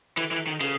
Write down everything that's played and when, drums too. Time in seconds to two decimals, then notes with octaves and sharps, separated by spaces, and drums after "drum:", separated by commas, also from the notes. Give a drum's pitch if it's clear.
0.17 E3, drum: cymbal
0.31 E3
0.47 D#3
0.60 C#3, drum: cymbal